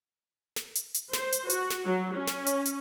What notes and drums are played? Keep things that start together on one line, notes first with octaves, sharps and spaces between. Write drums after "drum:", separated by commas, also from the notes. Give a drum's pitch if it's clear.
drum: snare
drum: hi-hat
drum: hi-hat
C5, drum: snare
drum: hi-hat
F#4, drum: hi-hat
drum: snare
F#3
C#4
drum: snare
drum: hi-hat
drum: hi-hat